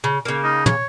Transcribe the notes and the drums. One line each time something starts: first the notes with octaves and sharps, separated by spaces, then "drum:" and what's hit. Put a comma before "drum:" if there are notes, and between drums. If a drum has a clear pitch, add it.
C#3
C#3 A#3
D#4
C#5, drum: tom